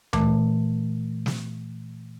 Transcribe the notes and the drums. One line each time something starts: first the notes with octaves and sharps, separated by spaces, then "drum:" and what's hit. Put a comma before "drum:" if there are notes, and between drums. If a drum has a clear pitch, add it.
A#2 E3 A3, drum: tom D2
drum: snare